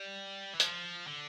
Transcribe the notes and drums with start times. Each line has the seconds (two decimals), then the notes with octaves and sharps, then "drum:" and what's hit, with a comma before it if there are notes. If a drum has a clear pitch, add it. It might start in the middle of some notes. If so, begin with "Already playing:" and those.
Already playing: G3
0.54 E3
0.60 F3, drum: hi-hat
1.07 D3